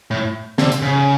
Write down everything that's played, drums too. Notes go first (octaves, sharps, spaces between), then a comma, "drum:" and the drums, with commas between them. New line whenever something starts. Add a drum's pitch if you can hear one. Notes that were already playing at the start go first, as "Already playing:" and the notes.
A2
D3, drum: snare
drum: hi-hat
C#3